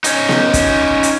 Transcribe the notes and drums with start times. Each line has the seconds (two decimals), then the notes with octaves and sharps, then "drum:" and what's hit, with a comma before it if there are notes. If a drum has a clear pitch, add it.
0.04 C#4 D#4, drum: hi-hat
0.29 drum: snare B3
0.54 drum: kick, hi-hat
1.03 drum: hi-hat